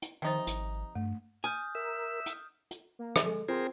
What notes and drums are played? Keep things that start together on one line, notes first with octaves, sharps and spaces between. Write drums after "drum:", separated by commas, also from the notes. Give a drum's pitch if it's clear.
drum: hi-hat
C3 D#3 F3 D#4 C5
G#1, drum: hi-hat
G2 A3
G#5 D#6 F6 G6
A#4 E5
drum: hi-hat
drum: hi-hat
A#3
drum: rim click
G#3 A4
C4 F4 G#4 A#4 C5